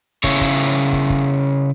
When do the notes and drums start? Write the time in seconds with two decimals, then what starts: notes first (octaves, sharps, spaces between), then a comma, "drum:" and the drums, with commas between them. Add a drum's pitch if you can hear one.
0.24 C#3 E4 C#5, drum: kick
0.41 drum: kick
0.93 drum: kick
1.10 drum: kick